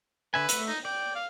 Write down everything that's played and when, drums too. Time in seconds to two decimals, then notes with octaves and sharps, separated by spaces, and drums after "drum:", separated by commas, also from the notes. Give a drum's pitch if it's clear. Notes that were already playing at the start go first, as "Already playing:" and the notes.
0.34 D3 B4 E5 G#5
0.49 A3 E5, drum: hi-hat
0.68 D#4
0.85 D5 G5
1.15 F5